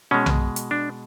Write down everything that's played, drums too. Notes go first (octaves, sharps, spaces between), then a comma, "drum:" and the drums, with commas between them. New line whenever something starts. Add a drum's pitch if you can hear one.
B2 G#3 C#4
drum: tom B1
drum: hi-hat
D4